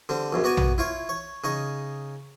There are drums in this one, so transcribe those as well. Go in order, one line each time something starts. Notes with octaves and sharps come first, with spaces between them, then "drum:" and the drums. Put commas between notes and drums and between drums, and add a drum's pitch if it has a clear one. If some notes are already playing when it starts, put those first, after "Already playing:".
D3 G3 C4
A#1 F#2 A#2
B3 F#4 D5 G#5
drum: tom A#1
E4 F4 C#5
C#5
C#3 D#4 C#5